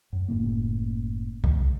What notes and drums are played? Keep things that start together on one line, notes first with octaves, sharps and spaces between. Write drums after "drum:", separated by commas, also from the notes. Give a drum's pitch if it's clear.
F#2
F#1 A2 C#3 A#3
C#2, drum: kick B1